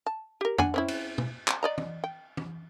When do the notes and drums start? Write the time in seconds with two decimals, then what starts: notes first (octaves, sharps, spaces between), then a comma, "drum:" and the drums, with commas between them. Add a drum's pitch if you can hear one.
0.07 A5
0.41 G4 A#4
0.58 D4 F#5 G#5, drum: tom
0.74 C4 C#4 E4
0.88 drum: cymbal
1.18 drum: tom
1.48 drum: clap
1.63 D5 D#5 A#5
1.78 drum: tom
2.04 G5
2.37 drum: tom